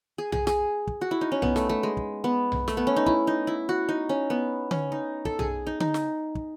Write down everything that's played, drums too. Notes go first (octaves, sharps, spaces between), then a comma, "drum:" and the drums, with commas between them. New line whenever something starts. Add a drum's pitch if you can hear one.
G#4
G#4, drum: tom B1
G#4, drum: snare
drum: kick
F#4
E4
D#4
C#4
B3, drum: tom B1
A3, drum: snare
A3
G#3
drum: kick
B3
drum: tom B1
A3, drum: snare
B3
C#4
D#4
E4, drum: kick
D#4
E4
F#4
D#4
C#4
B3
C#4, drum: tom D3
D#4
A4, drum: kick
G#4, drum: tom B1
D#4
D#4, drum: tom D3
drum: snare
drum: kick